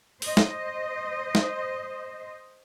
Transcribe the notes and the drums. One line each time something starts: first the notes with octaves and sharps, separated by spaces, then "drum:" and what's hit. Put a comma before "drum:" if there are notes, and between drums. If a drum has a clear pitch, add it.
C5 D#5, drum: open hi-hat
drum: snare
drum: snare